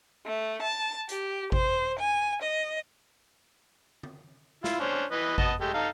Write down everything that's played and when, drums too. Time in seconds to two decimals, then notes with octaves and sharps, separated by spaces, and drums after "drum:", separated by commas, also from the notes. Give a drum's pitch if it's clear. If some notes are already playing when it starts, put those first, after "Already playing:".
0.25 A3
0.63 A5
1.09 G4, drum: hi-hat
1.52 C5, drum: kick G#1
1.99 G#5
2.42 D#5
4.03 drum: tom D3
4.64 E4 F4, drum: snare
4.80 C#4 D4 C5
5.11 E3 B4 D#5
5.38 B3 D#5 A5, drum: kick G#1
5.61 G#3 A3 G4
5.74 D#4 A4 F5